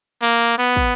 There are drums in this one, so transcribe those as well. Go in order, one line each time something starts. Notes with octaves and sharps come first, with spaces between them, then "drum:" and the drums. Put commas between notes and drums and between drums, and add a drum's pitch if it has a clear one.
A#3
B3
drum: kick